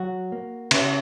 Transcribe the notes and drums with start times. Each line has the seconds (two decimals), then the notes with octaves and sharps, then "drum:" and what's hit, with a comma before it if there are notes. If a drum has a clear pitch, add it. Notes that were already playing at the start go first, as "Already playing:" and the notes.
Already playing: F#3 F#4
0.32 A#3
0.71 C#3, drum: cymbal